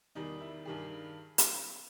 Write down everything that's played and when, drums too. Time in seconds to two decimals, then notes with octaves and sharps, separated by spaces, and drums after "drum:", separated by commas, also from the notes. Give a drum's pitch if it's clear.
0.15 E2 D#3 G3 D#4
0.41 E4
0.65 G2 D#3 G3 G#4
1.38 drum: hi-hat